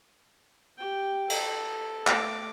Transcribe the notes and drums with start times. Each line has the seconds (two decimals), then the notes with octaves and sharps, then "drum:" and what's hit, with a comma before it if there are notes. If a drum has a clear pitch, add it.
0.78 G4 G5
1.30 A4, drum: cymbal
2.07 A3 D6, drum: clap